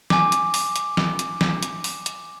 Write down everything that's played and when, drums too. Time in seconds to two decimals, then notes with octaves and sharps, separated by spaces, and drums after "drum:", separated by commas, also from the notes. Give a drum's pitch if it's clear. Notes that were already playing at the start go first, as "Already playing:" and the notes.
0.10 G#5 D6, drum: snare
0.32 drum: hi-hat
0.54 drum: open hi-hat
0.76 drum: hi-hat
0.97 drum: snare
1.19 drum: hi-hat
1.41 drum: snare
1.63 drum: hi-hat
1.84 drum: open hi-hat
2.06 drum: hi-hat